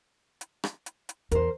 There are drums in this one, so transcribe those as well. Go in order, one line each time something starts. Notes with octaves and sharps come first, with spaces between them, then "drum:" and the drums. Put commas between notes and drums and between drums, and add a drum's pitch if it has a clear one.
drum: hi-hat
drum: rim click
drum: hi-hat
drum: hi-hat
E2 A#4 C5, drum: hi-hat